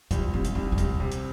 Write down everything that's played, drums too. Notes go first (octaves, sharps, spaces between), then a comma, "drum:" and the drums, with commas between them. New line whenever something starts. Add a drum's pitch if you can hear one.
C2 F3, drum: kick, hi-hat
C2 C4
drum: hi-hat
C2 D#4
C4
C2 D4, drum: kick, hi-hat
C3
drum: hi-hat